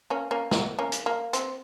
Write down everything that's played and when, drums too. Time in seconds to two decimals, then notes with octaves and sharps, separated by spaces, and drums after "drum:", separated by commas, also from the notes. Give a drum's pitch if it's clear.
0.10 A#3 C#4
0.31 A#3 C#4
0.51 A#3, drum: snare
0.79 A#3 C#4
0.92 drum: hi-hat
1.06 A#3
1.33 C4, drum: hi-hat